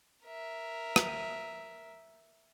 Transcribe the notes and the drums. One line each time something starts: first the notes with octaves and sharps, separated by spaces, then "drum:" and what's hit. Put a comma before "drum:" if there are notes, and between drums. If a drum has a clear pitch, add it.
A#4 E5
drum: rim click